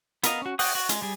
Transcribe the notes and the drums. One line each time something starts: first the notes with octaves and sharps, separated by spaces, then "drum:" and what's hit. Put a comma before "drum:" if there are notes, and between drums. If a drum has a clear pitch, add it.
B3 A#4 D#5 F5, drum: hi-hat
C#4 F#4
F#4 F#5 G5 D#6, drum: open hi-hat
F#4
G#3, drum: hi-hat
G3 G#4